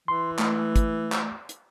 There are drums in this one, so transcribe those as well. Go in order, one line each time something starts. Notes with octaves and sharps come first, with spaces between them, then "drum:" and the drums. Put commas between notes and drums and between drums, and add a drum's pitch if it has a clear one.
E3 C6
A3, drum: clap
drum: kick, hi-hat
drum: clap
drum: hi-hat